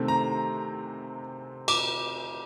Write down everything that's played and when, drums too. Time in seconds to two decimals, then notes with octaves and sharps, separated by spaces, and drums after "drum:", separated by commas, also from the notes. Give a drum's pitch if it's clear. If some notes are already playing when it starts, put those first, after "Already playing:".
Already playing: C3 D#3 A3 C4
0.08 A#5
1.68 D6, drum: cymbal